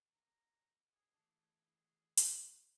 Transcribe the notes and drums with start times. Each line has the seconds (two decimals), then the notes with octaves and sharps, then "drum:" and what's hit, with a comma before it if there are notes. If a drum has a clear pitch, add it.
0.12 A#5
0.91 G#4
1.14 E3 A3 D4
2.17 drum: hi-hat